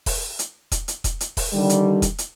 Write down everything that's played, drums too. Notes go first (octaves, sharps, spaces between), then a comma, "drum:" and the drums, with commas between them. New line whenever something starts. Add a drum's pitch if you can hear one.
drum: kick E1, open hi-hat
drum: hi-hat
drum: kick E1, hi-hat
drum: hi-hat
drum: kick E1, hi-hat
drum: hi-hat
drum: kick E1, open hi-hat
D3 D#3 G3
drum: hi-hat
drum: kick E1, hi-hat
drum: hi-hat